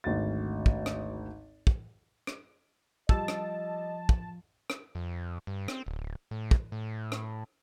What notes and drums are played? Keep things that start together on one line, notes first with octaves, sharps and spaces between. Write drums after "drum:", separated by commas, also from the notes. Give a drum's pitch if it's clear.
G#1 D2 F#4 A6
drum: kick
drum: rim click
drum: kick
drum: rim click
F3 G3 F4 D#5 A5 E6, drum: kick
drum: rim click
drum: kick
drum: rim click
F2
G2
C4, drum: rim click
D1
A2
drum: kick
A2
drum: rim click